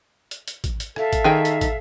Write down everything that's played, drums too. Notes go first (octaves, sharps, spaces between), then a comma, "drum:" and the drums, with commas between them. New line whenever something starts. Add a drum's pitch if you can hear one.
drum: hi-hat
drum: hi-hat
drum: kick, hi-hat
drum: hi-hat
A4 E5 F5, drum: rim click
drum: kick, hi-hat
D#3 G#4 G5
drum: hi-hat
drum: kick, hi-hat